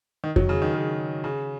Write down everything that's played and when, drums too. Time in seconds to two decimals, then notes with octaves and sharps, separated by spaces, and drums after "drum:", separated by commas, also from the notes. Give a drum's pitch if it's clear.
0.24 D#3
0.36 F#3, drum: kick F2
0.49 C#3
0.62 D#3
0.74 C#3
1.24 C#3